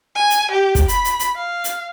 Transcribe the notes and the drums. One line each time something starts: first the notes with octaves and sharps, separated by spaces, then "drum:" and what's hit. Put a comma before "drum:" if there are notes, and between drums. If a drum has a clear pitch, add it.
G#5
drum: hi-hat
G4
drum: kick, hi-hat
B5, drum: hi-hat
drum: hi-hat
drum: hi-hat
F5
drum: hi-hat